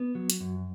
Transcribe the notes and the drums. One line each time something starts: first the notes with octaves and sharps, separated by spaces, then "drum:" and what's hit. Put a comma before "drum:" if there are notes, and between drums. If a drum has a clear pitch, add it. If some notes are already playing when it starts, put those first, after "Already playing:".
Already playing: B3
F#3
drum: hi-hat
F#2